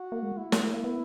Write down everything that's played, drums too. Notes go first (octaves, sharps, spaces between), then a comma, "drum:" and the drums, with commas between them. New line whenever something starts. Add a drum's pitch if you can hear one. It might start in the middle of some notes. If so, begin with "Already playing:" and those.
Already playing: F#4
A#3
G#3
E4
A#3, drum: snare
A#3
B3